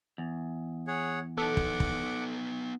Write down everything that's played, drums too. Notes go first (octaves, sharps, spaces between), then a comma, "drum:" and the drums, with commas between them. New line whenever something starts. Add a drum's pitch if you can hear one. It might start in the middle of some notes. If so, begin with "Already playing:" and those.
E2
G#4 C#5 F#5
B3 D#4 A4 F#5 D6
drum: kick
drum: kick